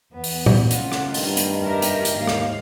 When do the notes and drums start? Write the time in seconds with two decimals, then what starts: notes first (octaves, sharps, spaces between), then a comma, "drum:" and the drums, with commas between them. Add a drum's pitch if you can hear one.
0.13 E2 B3
0.24 drum: open hi-hat
0.46 drum: tom A#2
0.71 C#3 A3 F4 F#5, drum: hi-hat
0.92 drum: rim click
1.14 G2 D#3, drum: open hi-hat
1.37 drum: hi-hat
1.65 G4 A#4 E5
1.82 drum: hi-hat
2.05 drum: hi-hat
2.16 D#2 G#2 F5
2.27 drum: rim click